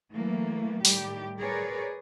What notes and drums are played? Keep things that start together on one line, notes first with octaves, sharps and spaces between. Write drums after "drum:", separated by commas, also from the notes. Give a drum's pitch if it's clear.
E3 F#3 A3 A#3
A2 D#3 G3 G4, drum: open hi-hat
G#4 A#4 B4 C#5 D5